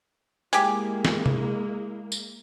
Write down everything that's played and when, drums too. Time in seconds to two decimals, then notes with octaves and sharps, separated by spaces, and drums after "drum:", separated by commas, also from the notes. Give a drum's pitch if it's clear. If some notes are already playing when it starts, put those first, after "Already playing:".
0.53 G#3 A#3 E4 G4 G#4, drum: hi-hat
1.05 drum: snare
1.26 drum: tom C3
2.12 drum: tambourine